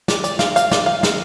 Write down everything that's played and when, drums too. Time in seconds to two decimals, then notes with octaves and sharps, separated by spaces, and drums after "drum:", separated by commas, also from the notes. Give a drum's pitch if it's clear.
0.08 D5, drum: snare
0.24 D5, drum: hi-hat
0.39 F5, drum: snare
0.56 F5, drum: hi-hat
0.71 D5, drum: snare
0.86 F5
1.03 F5, drum: snare